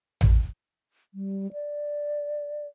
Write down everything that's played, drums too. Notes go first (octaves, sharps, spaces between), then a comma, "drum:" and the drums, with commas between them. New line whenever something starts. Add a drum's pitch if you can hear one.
drum: tom A1
G3
D5